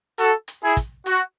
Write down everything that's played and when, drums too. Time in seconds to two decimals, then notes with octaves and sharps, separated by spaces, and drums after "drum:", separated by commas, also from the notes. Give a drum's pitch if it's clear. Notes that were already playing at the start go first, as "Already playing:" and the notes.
0.18 F#4 A4, drum: hi-hat
0.48 drum: hi-hat
0.62 E4 G#4
0.77 drum: kick, hi-hat
1.06 F#4, drum: hi-hat